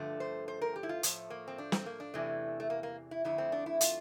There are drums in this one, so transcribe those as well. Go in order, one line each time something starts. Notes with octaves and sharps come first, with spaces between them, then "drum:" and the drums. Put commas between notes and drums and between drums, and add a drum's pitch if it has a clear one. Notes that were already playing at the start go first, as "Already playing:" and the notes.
Already playing: G2 D3 F3 A3
C5
C5
A#4
G4
E4
F4
A2 F3 A3, drum: hi-hat
A#3
C4
D4
C4, drum: snare
A#3
D4
E2 C3 E3 A3
A3
A#3
A#3
E4
F2 D3 A3 E4
C4
D4
E4
F4, drum: hi-hat